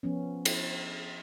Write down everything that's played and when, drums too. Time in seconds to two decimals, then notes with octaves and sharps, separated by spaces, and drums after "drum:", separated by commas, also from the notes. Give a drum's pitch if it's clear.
0.03 F3 B3 C#4
0.45 drum: cymbal